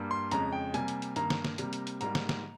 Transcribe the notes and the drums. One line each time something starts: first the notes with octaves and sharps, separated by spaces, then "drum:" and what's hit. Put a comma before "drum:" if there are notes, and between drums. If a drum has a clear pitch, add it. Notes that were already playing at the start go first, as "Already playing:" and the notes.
Already playing: G2 G3 A#3
C6
F2 C#3 G#3 A#5, drum: hi-hat
G5
C3 G3 A#3 G#5, drum: hi-hat
drum: hi-hat
drum: hi-hat
G2 D#3 A#3 A#5, drum: hi-hat
drum: snare
drum: snare
C3 G3 A#3, drum: hi-hat
drum: hi-hat
drum: hi-hat
G#2 G3 A#3 A#5, drum: hi-hat
drum: snare
drum: snare